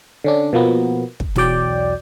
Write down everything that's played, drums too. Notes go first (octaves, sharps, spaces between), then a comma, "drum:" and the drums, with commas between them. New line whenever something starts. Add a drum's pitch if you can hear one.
D3 C#4 D4
B2 F3 A#3 B3
drum: kick
B1 E2 F#3 D5 G5, drum: snare